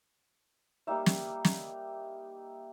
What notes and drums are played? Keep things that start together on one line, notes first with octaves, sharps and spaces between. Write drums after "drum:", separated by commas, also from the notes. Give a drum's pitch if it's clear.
G3 A#3 D#4 E5
drum: snare
drum: snare